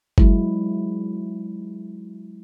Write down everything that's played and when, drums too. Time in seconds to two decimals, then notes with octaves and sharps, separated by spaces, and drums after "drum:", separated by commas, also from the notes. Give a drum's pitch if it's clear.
0.18 F#3 G#3 E4, drum: kick G1